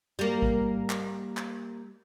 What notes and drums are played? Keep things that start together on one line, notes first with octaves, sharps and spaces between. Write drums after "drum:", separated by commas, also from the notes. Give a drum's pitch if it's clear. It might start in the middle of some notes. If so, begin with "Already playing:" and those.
G3 A#3
drum: kick A1
drum: clap
drum: clap